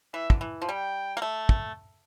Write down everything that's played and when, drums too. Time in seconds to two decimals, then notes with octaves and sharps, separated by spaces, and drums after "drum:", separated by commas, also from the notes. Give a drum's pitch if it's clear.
0.14 E3 E5
0.30 D3, drum: kick
0.41 E3
0.62 F3
0.68 G3 G5
1.17 A#3
1.22 A3
1.49 drum: kick